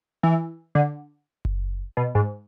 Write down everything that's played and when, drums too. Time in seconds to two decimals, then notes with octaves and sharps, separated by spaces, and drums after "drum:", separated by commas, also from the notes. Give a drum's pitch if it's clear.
0.23 E3
0.75 D3
1.45 drum: kick F#1
1.97 B2
2.15 G#2